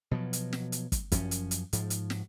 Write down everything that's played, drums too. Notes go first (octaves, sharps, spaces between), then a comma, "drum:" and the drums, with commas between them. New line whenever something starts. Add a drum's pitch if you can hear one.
B2 F3 F#3
drum: hi-hat
drum: snare
drum: hi-hat
drum: kick, hi-hat
F#2 F3 C#4, drum: kick, hi-hat
drum: hi-hat
drum: hi-hat
G#2 F3, drum: hi-hat
drum: hi-hat
drum: snare